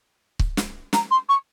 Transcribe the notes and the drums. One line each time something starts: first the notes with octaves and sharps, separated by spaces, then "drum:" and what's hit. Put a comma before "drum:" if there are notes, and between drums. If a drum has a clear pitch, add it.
drum: kick C#1
drum: snare
A#5, drum: snare
C6
C#6